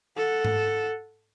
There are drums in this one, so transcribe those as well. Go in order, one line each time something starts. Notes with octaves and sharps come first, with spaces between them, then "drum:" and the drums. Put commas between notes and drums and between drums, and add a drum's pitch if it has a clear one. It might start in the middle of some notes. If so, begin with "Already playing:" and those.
A4 F#5
drum: tom G#2